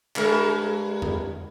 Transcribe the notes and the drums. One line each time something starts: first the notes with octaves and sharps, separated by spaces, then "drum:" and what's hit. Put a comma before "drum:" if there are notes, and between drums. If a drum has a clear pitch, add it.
G2 G#3 A#4, drum: clap
drum: tom F2